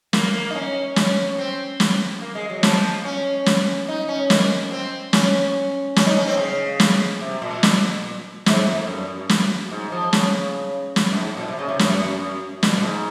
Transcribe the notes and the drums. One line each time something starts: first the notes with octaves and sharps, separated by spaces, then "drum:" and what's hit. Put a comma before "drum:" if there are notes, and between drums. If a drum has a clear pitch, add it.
A#3, drum: snare
A#3
D#4
C#4
C#4, drum: snare
C4
drum: snare
A#3
G#3
F#3
F3, drum: snare
C#4
drum: snare
D#4
C#4
A#3, drum: snare
C4
C#4, drum: snare
C#4, drum: snare
D#4
C#4
C4
C#3
drum: snare
C3
A#2
drum: snare
G#2, drum: snare
F2
F#2
drum: snare
G#2
F3
C#3, drum: snare
drum: snare
F#2
G#2
A#2
C3
C#3
C3
F#2, drum: snare
A#2, drum: snare
A#2
G#2